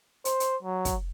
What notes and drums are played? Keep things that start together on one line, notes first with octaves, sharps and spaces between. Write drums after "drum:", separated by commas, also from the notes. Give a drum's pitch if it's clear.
C5, drum: hi-hat
drum: hi-hat
F#3
drum: kick, hi-hat